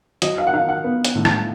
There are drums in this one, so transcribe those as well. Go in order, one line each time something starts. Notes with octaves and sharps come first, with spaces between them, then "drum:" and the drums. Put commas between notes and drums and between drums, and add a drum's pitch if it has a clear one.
F#3 D#5, drum: hi-hat
F5
F#5
D#4 F5
F#5
B3
drum: hi-hat
A2
drum: rim click